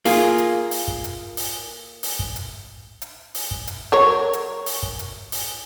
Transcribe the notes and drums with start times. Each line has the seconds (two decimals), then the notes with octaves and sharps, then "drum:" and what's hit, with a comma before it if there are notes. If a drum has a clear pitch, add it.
0.05 A#3 F4 G#4, drum: open hi-hat
0.38 drum: hi-hat
0.71 drum: open hi-hat
0.88 drum: kick
1.04 drum: hi-hat
1.37 drum: open hi-hat
2.03 drum: open hi-hat
2.19 drum: kick
2.36 drum: hi-hat
3.02 drum: hi-hat
3.35 drum: open hi-hat
3.51 drum: kick
3.67 drum: hi-hat
3.92 F#3 A#4 C#5
4.33 drum: hi-hat
4.66 drum: open hi-hat
4.83 drum: kick
4.99 drum: hi-hat
5.32 drum: open hi-hat